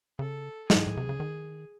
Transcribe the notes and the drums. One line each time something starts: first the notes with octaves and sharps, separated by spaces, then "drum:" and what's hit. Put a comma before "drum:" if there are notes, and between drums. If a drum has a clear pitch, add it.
C#3 A4
G#4, drum: snare
G#2
A2
C3
C#3
D#3